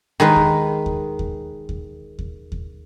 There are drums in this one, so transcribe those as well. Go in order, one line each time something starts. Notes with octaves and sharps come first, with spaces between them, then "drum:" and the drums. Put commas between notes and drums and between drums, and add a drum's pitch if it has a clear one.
D#3 G#3 B4
drum: kick D#2
drum: kick D#2
drum: kick D#2
drum: kick D#2
drum: kick D#2
drum: kick D#2